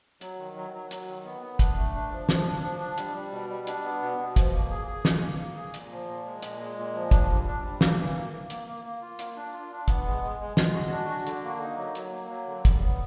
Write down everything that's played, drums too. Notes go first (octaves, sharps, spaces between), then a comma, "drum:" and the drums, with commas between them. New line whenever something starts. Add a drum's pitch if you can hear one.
F#3, drum: hi-hat
D#3
F#3
F#3
F#3, drum: hi-hat
D#3
B3
B3
D4, drum: kick, hi-hat
A3
D4
F3
F3, drum: snare
D4
F3
D4
G3, drum: hi-hat
G3
B2
G3
D4, drum: hi-hat
B3
B2
B2
F3, drum: kick, hi-hat
A#3
G#4
G#4
A#3, drum: snare
A#3
A#3
G#4
A#2, drum: hi-hat
F3
A#2
G#3
A#2, drum: hi-hat
G#3
A#2
F3
D4, drum: kick, hi-hat
G3
D4
G3
A#3, drum: snare
E3
A#3
A#3
A#3, drum: hi-hat
A#3
A#3
F4
A#3, drum: hi-hat
D4
F4
D4
B3, drum: kick, hi-hat
G#3
G#3
G#3
G#3, drum: snare
F#4
D4
F#4
D3, drum: hi-hat
A#3
D#4
F#3
F#3, drum: hi-hat
A#3
F#3
D3
G3, drum: kick, hi-hat
B3